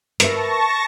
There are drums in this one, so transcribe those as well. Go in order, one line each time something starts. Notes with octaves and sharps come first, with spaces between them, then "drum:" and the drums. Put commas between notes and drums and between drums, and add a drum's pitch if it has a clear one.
A#4 B4 E5 A5 C#6 A#6, drum: hi-hat